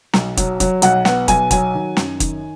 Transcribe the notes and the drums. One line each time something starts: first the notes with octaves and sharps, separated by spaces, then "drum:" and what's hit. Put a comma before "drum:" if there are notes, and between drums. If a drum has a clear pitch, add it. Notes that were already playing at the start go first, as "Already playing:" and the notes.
B1, drum: snare
F#3, drum: kick, hi-hat
F#3, drum: kick, hi-hat
B1 F#5, drum: hi-hat
B3 F#5, drum: snare
B1 G#5, drum: kick, hi-hat
F#3 G#5, drum: kick, hi-hat
D#3
F#2, drum: snare
D#3, drum: kick, hi-hat